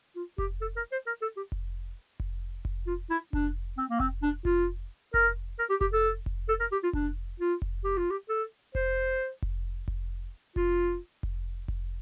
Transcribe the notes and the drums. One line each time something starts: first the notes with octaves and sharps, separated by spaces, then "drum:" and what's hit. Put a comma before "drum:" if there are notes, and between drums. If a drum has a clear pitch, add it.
F4
G4, drum: kick F1
A4
A#4
C5
A#4
A4
G4
drum: kick F1
drum: kick F1
drum: kick F1
F4
E4
D4, drum: kick F1
C4
A#3
C4, drum: kick F1
D4
F4, drum: kick F1
A#4, drum: kick F1
A#4
G4
G4, drum: kick F1
A4
drum: kick F1
A4
A#4
G4
F4
D4, drum: kick F1
F4
drum: kick F1
G4
F4
G4
A4
C5, drum: kick F1
drum: kick F1
drum: kick F1
F4, drum: kick F1
drum: kick F1
drum: kick F1